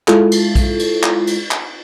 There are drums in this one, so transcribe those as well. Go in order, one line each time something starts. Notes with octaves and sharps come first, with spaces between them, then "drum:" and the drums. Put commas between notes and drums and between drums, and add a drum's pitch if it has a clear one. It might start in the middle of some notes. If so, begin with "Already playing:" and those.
G#3 E4 F4 A4, drum: clap
drum: cymbal
drum: kick A#1, cymbal
drum: cymbal
drum: clap
drum: cymbal
drum: clap